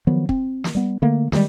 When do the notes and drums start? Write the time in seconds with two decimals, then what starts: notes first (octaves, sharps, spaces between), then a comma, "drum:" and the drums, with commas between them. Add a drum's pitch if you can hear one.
0.07 D#3 F3 F#3 B3
0.29 C4, drum: kick
0.64 drum: snare
0.75 G3 B3
1.02 D3 A3 A#3
1.32 D2 D#3 G3 G#3, drum: snare